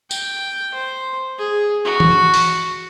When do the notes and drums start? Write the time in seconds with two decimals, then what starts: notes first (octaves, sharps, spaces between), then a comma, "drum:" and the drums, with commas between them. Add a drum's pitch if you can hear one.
0.11 G5, drum: tambourine
0.74 C5
1.38 G#4
1.85 F#4
2.00 drum: tom E3
2.34 drum: open hi-hat